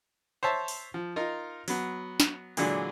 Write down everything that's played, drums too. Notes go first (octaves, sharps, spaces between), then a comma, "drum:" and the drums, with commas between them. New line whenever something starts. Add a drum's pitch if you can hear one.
C5 C#5 E5 A5
drum: open hi-hat
F3
D#4 F4 A#4
F#3 B3, drum: open hi-hat
drum: snare
A#2 D3 E3 F#3 G#3 D4, drum: open hi-hat